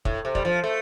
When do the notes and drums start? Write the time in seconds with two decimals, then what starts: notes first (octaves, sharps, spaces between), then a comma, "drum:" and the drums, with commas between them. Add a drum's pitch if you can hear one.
0.05 A2, drum: kick
0.25 C3
0.35 G3, drum: kick
0.45 F3
0.64 A3